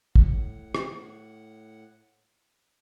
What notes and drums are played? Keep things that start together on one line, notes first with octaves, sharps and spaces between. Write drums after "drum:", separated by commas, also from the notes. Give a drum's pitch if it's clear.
A2 F#5, drum: kick
drum: rim click